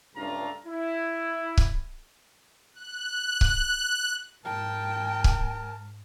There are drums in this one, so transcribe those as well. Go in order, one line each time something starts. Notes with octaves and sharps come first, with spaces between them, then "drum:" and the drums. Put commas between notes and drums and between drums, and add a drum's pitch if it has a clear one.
C#2 G2 A3 D4 F4 A#5
E4
drum: kick C#1
F#6
drum: kick C#1
G#2 A#4 G5 A5
drum: kick C#1